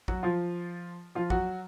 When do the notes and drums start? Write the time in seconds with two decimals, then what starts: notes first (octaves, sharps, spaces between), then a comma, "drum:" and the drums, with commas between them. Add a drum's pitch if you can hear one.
0.08 F#3 F#4, drum: kick
0.23 F3 F4
1.15 F3 F4
1.30 F#3 F#4, drum: kick